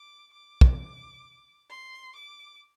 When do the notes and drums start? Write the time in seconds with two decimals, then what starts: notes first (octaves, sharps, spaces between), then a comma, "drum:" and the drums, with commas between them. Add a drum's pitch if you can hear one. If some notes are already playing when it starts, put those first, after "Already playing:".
Already playing: D6
0.33 D6
0.61 drum: kick
1.69 C6
2.16 D6